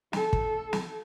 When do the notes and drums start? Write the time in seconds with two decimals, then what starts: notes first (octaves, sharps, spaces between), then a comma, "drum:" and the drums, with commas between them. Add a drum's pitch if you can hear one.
0.13 A4, drum: snare
0.33 drum: kick
0.73 drum: snare